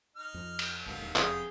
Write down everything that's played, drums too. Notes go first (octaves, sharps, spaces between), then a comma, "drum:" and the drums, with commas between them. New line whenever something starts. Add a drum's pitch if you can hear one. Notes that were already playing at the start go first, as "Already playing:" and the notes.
D#4 F6
F2
drum: cymbal
G#1 D2 G2 A#3 B3 A4
D1 D#2 D#3
E1 F2 C3 B3 G#4 F5 G5, drum: clap